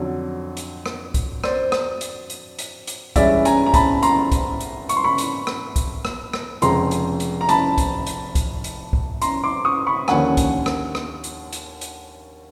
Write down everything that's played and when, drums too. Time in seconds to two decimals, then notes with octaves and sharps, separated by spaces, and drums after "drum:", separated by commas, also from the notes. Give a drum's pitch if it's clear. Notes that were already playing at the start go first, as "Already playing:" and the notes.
Already playing: F2 D3 F#3
0.57 drum: hi-hat
0.86 drum: rim click
1.14 drum: kick, hi-hat
1.44 C5 D5, drum: rim click
1.72 drum: rim click
2.01 drum: hi-hat
2.30 drum: hi-hat
2.59 drum: hi-hat
2.87 drum: hi-hat
3.16 G2 E3 G#3 C#4 D5 E5, drum: kick, hi-hat
3.45 G#5 A#5, drum: hi-hat
3.66 A#5
3.74 A5 B5, drum: kick, hi-hat
4.03 A#5 C6, drum: hi-hat
4.32 drum: kick, hi-hat
4.60 drum: hi-hat
4.89 C#6, drum: hi-hat
4.96 C6
5.04 B5 C#6
5.18 drum: hi-hat
5.47 drum: rim click
5.76 drum: kick, hi-hat
6.05 drum: rim click
6.33 drum: rim click
6.62 F1 F2 C#3 F3 G#3 A#5 C6, drum: hi-hat
6.91 drum: hi-hat
7.20 drum: hi-hat
7.41 A#5
7.49 A5 B5, drum: hi-hat
7.78 drum: kick, hi-hat
8.07 drum: hi-hat
8.35 drum: kick, hi-hat
8.64 drum: hi-hat
8.93 drum: kick
9.22 A#5 C6, drum: hi-hat
9.43 C6 D6
9.65 C#6 D#6
9.87 B5 C#6
10.08 D#2 D3 F3 A#3 C#4 F#5 G#5, drum: rim click
10.37 drum: kick, hi-hat
10.66 drum: rim click
10.95 drum: rim click
11.24 drum: hi-hat
11.53 drum: hi-hat
11.81 drum: hi-hat